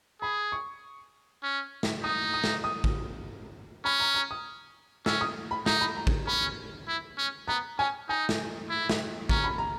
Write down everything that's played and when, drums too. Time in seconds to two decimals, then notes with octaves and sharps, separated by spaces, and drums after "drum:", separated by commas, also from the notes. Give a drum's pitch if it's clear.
0.21 G#4 B5
0.52 C#6
1.43 C#4
1.83 drum: snare
2.03 D#4 D#6
2.34 D#6
2.44 drum: snare
2.64 D#6
2.84 drum: kick
3.85 C#4 B5
4.00 A#5
4.15 A#5
4.31 D#6
5.06 C#4 E6, drum: snare
5.21 D#6
5.51 B5
5.66 D#4 A#5, drum: snare
5.81 B5
5.97 A#5
6.07 drum: kick
6.27 C#4 B5
6.88 E4
7.18 C#4
7.48 B3 A#5
7.79 C#4 G#5
8.09 D#4 G#5
8.29 drum: snare
8.70 E4
8.89 drum: snare
9.29 C#4 A#5, drum: kick
9.44 B5
9.58 A#5